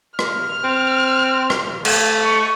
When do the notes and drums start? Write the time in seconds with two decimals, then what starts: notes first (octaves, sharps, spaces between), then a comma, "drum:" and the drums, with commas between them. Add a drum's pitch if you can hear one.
0.19 F6, drum: rim click
0.64 C4
1.50 drum: rim click
1.85 A3, drum: cymbal
2.23 C#6